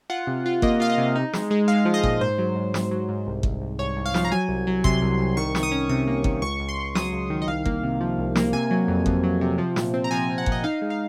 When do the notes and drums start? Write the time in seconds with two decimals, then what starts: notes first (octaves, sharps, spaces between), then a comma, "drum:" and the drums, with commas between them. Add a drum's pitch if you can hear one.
0.10 F4 F#5
0.27 C3
0.46 F4
0.62 A#3 D#5, drum: kick G1
0.80 F4 F5
0.90 D#5
0.98 C3
1.16 D#4
1.33 G#3, drum: snare
1.51 G#3
1.68 G#3 F5
1.85 F3
1.94 D#5
2.03 A#2, drum: kick G1
2.21 G#2 C5
2.38 F#3
2.55 G#2
2.74 G#2, drum: snare
2.91 F#3
3.09 G#2
3.27 C2
3.43 C2, drum: kick G1
3.61 C2
3.79 C2 C#5
3.97 C2
4.06 F5
4.14 F3, drum: snare
4.25 A#5
4.32 F#3 G#5
4.49 C2
4.67 F#3
4.84 C3 C6, drum: kick G1
5.02 C2
5.19 C2
5.37 D#3 C#6
5.55 D#3, drum: snare
5.63 D#6
5.72 C#4
5.89 C3 D#6
6.07 A#3
6.24 D#3, drum: kick G1
6.42 C#2 C#6
6.60 C#2
6.69 C6
6.78 C#2
6.95 F#3 D#6, drum: snare
7.12 C#2
7.30 D#3
7.42 D#5
7.48 C2 F5
7.66 A#3, drum: kick G1
7.83 C3
8.01 F3
8.18 C2
8.35 A#3, drum: snare
8.53 C3 G#5
8.71 F#3
8.88 F2
9.06 F2, drum: kick G1
9.23 F#3
9.41 C3
9.58 F3
9.76 A#2, drum: snare
9.94 C4
10.04 A#5
10.11 F3 G#5
10.29 F3
10.38 F#5
10.46 A#2, drum: kick G1
10.52 D#5
10.64 D#4 F5
10.82 G#3
10.90 F5